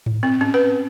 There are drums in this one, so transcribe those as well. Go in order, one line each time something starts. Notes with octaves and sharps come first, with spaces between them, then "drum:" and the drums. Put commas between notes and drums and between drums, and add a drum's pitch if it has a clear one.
drum: tom G#2
C4
C#4
B4